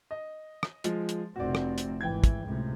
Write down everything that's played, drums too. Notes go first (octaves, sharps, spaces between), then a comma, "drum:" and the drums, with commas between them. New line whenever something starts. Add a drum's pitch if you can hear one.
D#5
drum: rim click
F3 G#3, drum: hi-hat
drum: hi-hat
F1 C3 C4 F#4 D5
drum: rim click
drum: hi-hat
G#1 E3 G5 G#6
drum: kick, hi-hat
C#2 A2 C3